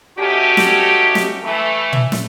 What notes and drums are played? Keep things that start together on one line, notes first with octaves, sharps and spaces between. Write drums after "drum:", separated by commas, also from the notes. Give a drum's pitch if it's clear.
A3 C#4 D#4 F#4 G4
drum: snare
drum: snare
E3 A3
drum: tom A#2
drum: snare